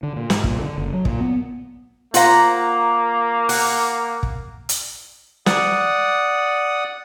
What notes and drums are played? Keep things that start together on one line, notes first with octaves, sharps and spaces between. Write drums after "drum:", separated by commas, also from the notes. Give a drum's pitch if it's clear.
D3
A#2
G#2, drum: snare
A#2, drum: kick
D3
F#1
F#3
A#2, drum: kick
B3
A#3 F4 C5 F5 F#5 A#5, drum: hi-hat
F#5, drum: open hi-hat
drum: kick
drum: hi-hat
D5 F#5 D#6, drum: snare